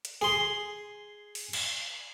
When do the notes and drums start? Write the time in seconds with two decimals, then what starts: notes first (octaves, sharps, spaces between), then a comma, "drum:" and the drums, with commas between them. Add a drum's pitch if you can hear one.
0.05 drum: hi-hat
0.21 G#4 C6
1.35 drum: open hi-hat
1.53 drum: cymbal